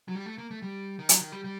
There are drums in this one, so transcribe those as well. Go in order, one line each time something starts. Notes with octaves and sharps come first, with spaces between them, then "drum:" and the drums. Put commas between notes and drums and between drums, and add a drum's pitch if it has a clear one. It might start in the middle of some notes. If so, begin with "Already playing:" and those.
F#3
G3
A3
A#3
A3
G3
D#3
F#3, drum: hi-hat
D#3
G3
G3